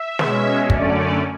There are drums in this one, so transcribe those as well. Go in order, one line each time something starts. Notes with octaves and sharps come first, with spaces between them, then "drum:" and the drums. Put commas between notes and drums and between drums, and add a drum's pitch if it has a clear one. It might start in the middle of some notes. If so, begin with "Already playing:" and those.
Already playing: E5
B2 G#3 C#4, drum: snare
F#2 D3 A3 C#4 D5, drum: kick